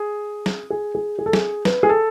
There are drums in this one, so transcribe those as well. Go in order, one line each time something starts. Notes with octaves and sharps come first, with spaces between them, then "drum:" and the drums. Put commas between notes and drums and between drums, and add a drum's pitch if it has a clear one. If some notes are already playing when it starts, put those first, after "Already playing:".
Already playing: G#4
drum: snare
G#4
G#4
G#4
A4
G#4, drum: snare
B4, drum: snare
G#4
A4